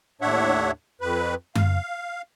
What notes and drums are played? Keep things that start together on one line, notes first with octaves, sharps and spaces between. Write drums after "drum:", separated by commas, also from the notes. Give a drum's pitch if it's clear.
D#2 A2 D4 C#5 E5 F#5
F2 B4
F5, drum: tom F#2